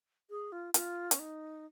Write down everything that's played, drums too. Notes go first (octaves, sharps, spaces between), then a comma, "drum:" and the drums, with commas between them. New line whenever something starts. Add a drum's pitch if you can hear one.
G#4
F4
F4, drum: hi-hat
C#4, drum: hi-hat
D#4